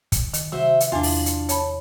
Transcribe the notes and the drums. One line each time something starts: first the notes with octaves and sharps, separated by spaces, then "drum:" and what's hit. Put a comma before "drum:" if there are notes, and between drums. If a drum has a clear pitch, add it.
drum: kick, hi-hat
D#3, drum: hi-hat
C3 F#4 C5 E5
drum: hi-hat
E2 D4 F4 C6
drum: open hi-hat
drum: hi-hat
C#5 A5 B5, drum: hi-hat